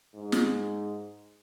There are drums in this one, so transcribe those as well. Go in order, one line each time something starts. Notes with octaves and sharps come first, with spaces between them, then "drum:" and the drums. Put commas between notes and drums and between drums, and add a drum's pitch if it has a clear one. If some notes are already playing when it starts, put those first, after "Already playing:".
G#2
drum: snare